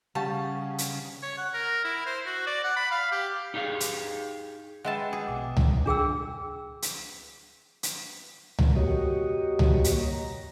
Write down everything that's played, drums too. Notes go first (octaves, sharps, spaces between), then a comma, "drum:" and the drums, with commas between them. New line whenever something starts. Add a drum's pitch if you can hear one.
C#3 G3 F5 F#5 A5 C#6
drum: hi-hat
C#5
F#5
A#4
E4
C5
F#4
D5
F#5
B5
F5
G4
D#4 G4 G#4 D#5 F5
drum: hi-hat
G#3 B4 E5 F#5 G5 A5 E6
G#4
A#1 B2 D6 D#6
drum: tom C#2
D4 G#4 G5 E6
drum: hi-hat
drum: hi-hat
drum: tom C#2
A#3 F#4 G4 C#5 D#5
drum: tom C#2
drum: hi-hat
A#5